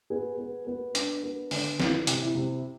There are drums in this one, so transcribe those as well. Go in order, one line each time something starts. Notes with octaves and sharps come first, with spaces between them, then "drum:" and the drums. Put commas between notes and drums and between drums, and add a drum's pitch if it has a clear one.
B3 G#4
B3
B3
D4, drum: hi-hat
B3
D3, drum: open hi-hat
E3 F4, drum: snare
C3, drum: hi-hat
E4
C3